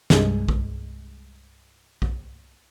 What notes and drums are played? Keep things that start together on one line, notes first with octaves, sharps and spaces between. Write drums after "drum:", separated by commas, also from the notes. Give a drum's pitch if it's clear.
C2 G2 G#3, drum: snare
drum: kick A#1
drum: kick A#1